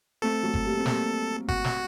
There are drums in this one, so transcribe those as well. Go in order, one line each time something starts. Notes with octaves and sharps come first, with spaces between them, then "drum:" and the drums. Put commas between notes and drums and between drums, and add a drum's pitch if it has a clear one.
A3 C4 A4
F#3 A3
drum: kick G1
G3 A#3
C4
G3 A#3, drum: snare
F#4, drum: kick G1
drum: snare